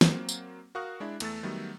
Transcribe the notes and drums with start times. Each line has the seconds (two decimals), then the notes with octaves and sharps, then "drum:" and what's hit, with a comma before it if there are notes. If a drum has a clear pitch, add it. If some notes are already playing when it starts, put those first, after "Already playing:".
0.01 F#3 A#3 C4, drum: snare
0.29 drum: tambourine
0.75 F#4 A#4 F5 C#6 D#6 F#6
1.00 G#3 D4 E4
1.20 E2 A3 E6 A6, drum: cymbal
1.43 D#3 F#3 G3 A3 B3